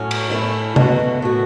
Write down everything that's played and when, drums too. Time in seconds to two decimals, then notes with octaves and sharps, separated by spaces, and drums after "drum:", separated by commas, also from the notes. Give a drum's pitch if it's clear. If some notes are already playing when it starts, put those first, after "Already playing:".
Already playing: A2 F#3 C#4
0.11 drum: cymbal
0.30 A2 A3 C#4 E4
0.76 B2 A3 F#4, drum: tom C3
1.22 A2 A3 F#4